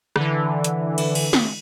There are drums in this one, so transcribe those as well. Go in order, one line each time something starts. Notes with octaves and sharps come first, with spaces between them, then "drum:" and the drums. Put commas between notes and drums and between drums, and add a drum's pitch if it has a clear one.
D3 E3, drum: rim click
drum: hi-hat
drum: cymbal
drum: cymbal
drum: snare